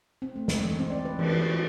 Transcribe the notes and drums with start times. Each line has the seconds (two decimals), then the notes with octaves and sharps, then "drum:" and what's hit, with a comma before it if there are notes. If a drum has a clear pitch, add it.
0.22 C4
0.36 A3
0.48 G#3, drum: snare
0.63 E3
0.79 C4
0.90 D5
1.05 B4
1.19 E3, drum: cymbal
1.31 E3
1.54 F4